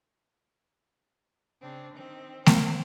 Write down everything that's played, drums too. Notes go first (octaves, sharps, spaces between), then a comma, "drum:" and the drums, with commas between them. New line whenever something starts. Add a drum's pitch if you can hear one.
C#3 C4 D4
D#3 C4
A#3 C5, drum: snare A3